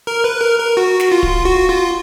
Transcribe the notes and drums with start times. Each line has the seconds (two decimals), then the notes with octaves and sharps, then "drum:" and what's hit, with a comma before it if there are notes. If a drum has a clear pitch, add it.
0.07 A#4
0.24 B4
0.42 A#4
0.59 A#4
0.77 F#4
1.00 drum: snare
1.12 F4
1.23 drum: kick
1.45 F#4
1.69 F4